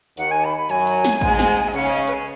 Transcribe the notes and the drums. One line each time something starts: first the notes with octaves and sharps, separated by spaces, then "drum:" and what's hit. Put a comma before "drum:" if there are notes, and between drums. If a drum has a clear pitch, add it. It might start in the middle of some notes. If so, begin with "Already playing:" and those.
D#2 D#3 F#5, drum: hi-hat
G#5
B5
B5
F#2 F#3 G#5, drum: hi-hat
drum: hi-hat
drum: snare
G#2 G#3, drum: kick A1, hi-hat
drum: snare
drum: hi-hat
D#5
C#3 C#4 F#5, drum: hi-hat
D#5
B4, drum: hi-hat
G#4